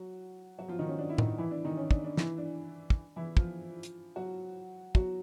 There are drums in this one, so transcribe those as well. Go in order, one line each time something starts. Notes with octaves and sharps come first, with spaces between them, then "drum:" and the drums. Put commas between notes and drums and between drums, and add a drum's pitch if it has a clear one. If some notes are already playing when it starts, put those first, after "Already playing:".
Already playing: F#3 F#4
F#3 F#4
F3 F4
D#3 D#4
C#4
D4
E4
D#3 D#4, drum: tom A2
E3 E4
D4
D#3 D#4
C#4
D4, drum: kick
D4
E3 E4, drum: snare
D4
drum: kick
E3 E4
F3 F4, drum: kick
drum: hi-hat
F#3 F#4
F#3 F#4, drum: kick